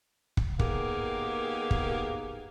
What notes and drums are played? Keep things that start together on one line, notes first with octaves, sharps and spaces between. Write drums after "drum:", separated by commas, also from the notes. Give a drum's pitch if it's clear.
drum: kick
D#3 A#3 B3 G4 G#4 A#4, drum: kick
drum: kick